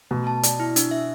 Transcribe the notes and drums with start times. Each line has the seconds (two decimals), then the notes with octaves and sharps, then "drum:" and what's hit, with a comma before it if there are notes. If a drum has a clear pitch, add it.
0.11 B2 A3
0.27 A5
0.43 D5, drum: hi-hat
0.60 E4
0.76 D4, drum: hi-hat
0.91 E5